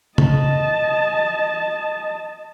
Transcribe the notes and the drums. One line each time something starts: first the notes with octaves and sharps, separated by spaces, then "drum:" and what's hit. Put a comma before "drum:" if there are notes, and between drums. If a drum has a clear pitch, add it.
D#5 A5, drum: tom C#3